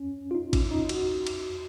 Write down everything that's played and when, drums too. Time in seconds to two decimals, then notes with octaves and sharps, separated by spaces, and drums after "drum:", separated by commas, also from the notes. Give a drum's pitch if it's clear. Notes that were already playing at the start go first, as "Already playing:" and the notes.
Already playing: C#4
0.31 F4
0.35 D#4
0.53 C#4, drum: kick A1, cymbal
0.71 D#4
0.89 F#4, drum: cymbal
1.27 drum: cymbal